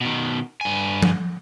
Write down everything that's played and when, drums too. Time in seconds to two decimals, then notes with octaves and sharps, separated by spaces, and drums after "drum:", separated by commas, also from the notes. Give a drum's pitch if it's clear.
0.01 B2 D#3
0.61 G2 G#5
1.02 drum: tom F3